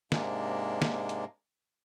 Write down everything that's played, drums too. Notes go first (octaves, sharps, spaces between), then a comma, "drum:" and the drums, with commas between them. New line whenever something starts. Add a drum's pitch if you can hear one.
G#2 C3 G#3 A#3 D4, drum: snare
drum: snare
drum: hi-hat